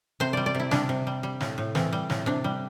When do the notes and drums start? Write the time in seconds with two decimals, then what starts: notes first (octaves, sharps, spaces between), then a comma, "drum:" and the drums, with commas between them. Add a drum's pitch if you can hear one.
0.20 C3 C5
0.33 G3 D5
0.46 D5
0.55 C3 E4
0.71 G3 D4, drum: snare
0.89 C3
1.07 G3
1.23 G3
1.41 A2, drum: snare
1.58 A2
1.75 E3 C4, drum: snare
1.93 G3
2.10 A2, drum: snare
2.26 C3 D4
2.44 G3